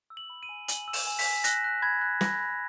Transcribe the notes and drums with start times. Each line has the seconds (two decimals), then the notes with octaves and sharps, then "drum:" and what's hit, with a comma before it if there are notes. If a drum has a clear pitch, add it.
0.10 E6
0.17 F#7
0.30 B5
0.43 D#7
0.49 G#5
0.68 G#5 F#7, drum: hi-hat
0.88 E6
0.93 E7, drum: open hi-hat
1.07 G#5
1.19 B6, drum: open hi-hat
1.26 G#5
1.44 F#6 A#6, drum: hi-hat
1.64 F#6
1.82 B5 G#6
2.01 F#6
2.21 B5 A#6, drum: snare
2.40 B5